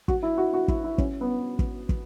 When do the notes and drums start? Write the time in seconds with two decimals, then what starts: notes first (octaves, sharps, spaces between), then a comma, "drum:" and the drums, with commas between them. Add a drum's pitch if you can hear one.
0.08 F#4, drum: kick
0.23 E4
0.38 F#4
0.54 F#4
0.68 E4, drum: kick
0.84 E4
0.98 C#4, drum: kick
1.21 B3
1.59 drum: kick
1.89 drum: kick